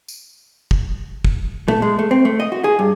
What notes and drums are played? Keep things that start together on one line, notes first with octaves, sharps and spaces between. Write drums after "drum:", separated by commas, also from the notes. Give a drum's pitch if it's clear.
drum: tambourine
drum: kick
drum: kick
A3, drum: tom
G#3
A3
C4
A3
D#5
F#4
G#4
G2